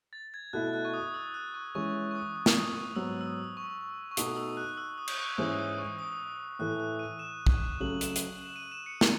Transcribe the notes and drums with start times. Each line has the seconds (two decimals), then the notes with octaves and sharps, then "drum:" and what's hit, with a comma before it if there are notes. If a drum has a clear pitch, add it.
0.13 A6
0.34 G#6
0.53 B2 A3 E4 F#6
0.74 F#6
0.85 C#6
0.94 D#6
1.14 E6
1.34 F#6
1.54 C#6
1.75 E3 G#3 C#4 C#6
2.11 C#6
2.15 D#6
2.36 D#6
2.46 drum: snare
2.55 D#6
2.68 D#6
2.76 C#6
2.96 G#2 F#3 B3 E6
3.21 E6
3.26 D#6
3.57 C#6
4.11 C#6
4.17 B2 A3 D#4 F#4 D#6, drum: hi-hat
4.37 E6
4.57 F#6
4.77 E6
4.98 D#6
5.08 drum: cymbal
5.18 C#6
5.38 G#2 E3 G#3 C#4 E4 D#6
5.59 D#6
5.78 C#6
5.99 D#6
6.59 A2 E3 A3 F#6
6.80 F#6
6.99 D#7
7.19 E7
7.47 drum: kick
7.80 C#3 F#3 A3 F#7
8.01 E7, drum: hi-hat
8.16 drum: hi-hat
8.45 E7
8.56 D#7
8.72 E7
8.86 C#7
9.01 G#3 D#4, drum: snare